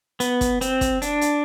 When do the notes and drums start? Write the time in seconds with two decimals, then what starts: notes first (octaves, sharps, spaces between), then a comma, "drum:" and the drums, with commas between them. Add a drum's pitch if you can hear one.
0.20 B3, drum: hi-hat
0.41 drum: kick, hi-hat
0.61 C4, drum: hi-hat
0.81 drum: kick, hi-hat
1.02 D4, drum: hi-hat
1.21 drum: hi-hat